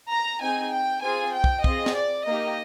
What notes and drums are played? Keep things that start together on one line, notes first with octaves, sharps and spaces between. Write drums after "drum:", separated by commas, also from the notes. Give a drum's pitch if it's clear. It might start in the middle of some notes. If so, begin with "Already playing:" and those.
A#5
C4 D#4 G#4 G#5
G5
C4 F4 G#4 G#5
G5
drum: kick
C4 F4 G#4 D#5, drum: kick
drum: snare
D5
A#3 D#4 G4 D#5